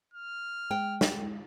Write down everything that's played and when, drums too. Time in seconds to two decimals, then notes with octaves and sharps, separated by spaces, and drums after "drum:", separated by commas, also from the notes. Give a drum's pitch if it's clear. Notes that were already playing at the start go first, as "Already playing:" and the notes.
0.14 F6
0.71 G#3 G5
1.01 drum: snare